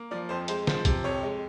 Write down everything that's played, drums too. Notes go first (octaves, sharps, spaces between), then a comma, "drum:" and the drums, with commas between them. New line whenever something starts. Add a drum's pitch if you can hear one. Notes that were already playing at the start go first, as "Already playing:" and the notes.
Already playing: A#3
F3 D5
F2 C5
G#3 C5, drum: hi-hat
F3 C5, drum: snare
C3, drum: kick, hi-hat
F2 C#5
G#3